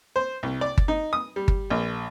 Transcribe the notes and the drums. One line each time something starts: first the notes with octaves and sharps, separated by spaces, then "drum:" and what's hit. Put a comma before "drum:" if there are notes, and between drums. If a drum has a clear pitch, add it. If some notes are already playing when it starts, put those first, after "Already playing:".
C5
C2
D5
drum: kick G1
D#4
D#6
G3
drum: kick G1
A#1